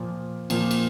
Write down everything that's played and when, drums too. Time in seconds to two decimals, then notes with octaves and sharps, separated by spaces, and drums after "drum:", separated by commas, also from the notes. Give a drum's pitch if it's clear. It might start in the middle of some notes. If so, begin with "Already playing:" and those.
Already playing: A#2 F3 A#3
0.50 A#2 F3 A#3, drum: cymbal
0.71 drum: cymbal